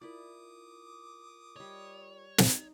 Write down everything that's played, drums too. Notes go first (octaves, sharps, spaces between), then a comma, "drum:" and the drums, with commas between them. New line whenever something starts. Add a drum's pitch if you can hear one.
E4 F4 A#4 D5 D6 D#6
G3 C#5 D#5
D#4, drum: snare